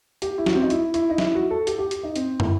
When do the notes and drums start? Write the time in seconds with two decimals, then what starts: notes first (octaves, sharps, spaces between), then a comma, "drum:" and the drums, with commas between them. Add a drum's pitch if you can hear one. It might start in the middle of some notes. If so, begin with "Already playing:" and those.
0.22 G4, drum: hi-hat
0.38 E4
0.46 F#4, drum: snare
0.54 C4
0.62 D#4
0.70 E4, drum: hi-hat
0.94 E4, drum: hi-hat
1.10 D#4
1.18 E4, drum: snare
1.35 F#4
1.51 A4
1.67 G4, drum: hi-hat
1.79 G4
1.91 drum: hi-hat
2.04 D#4
2.16 C4, drum: hi-hat
2.40 E4, drum: tom